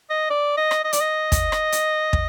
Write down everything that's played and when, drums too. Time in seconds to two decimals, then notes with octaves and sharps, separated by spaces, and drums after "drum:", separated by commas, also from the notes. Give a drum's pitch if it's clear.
0.10 D#5
0.30 D5
0.57 D#5
0.71 drum: rim click
0.84 D#5
0.93 D5, drum: hi-hat
1.01 D#5
1.32 drum: kick, hi-hat
1.52 drum: rim click
1.72 drum: hi-hat
2.13 drum: kick